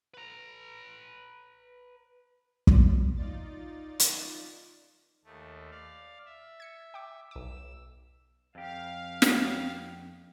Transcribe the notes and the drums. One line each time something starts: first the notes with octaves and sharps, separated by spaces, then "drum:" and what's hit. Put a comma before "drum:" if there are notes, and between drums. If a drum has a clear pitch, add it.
B4 A#5
drum: kick
D#4 F4 D5 A6
drum: hi-hat
D#2 A3
D5 F5
E5
G#6 C#7
G5 D6
B1 D6 E6
F2 G4 F5
drum: snare